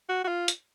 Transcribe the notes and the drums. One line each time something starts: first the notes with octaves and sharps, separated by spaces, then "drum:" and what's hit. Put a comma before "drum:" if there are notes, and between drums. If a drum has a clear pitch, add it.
F#4
F#4
F4
drum: hi-hat